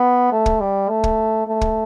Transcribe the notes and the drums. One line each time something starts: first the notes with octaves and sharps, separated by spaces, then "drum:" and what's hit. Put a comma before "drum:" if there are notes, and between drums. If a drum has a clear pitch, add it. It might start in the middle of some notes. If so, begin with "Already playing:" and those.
Already playing: B3
A3
drum: kick
G3
A3
drum: kick
A3
drum: kick